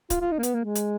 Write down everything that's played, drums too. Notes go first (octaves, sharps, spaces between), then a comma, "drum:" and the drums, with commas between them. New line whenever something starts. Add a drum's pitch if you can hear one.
F4, drum: kick C#1, hi-hat
F4
D#4
A#3
B3, drum: hi-hat
A#3
G#3
drum: hi-hat